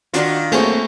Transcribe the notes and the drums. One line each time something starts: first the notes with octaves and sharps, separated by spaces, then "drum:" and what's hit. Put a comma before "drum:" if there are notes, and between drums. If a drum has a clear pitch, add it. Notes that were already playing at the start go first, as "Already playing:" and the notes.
D#3 D4 F4 F#4, drum: hi-hat
F#2 A3 A#3 C4 G#4 G#5 C#6, drum: cymbal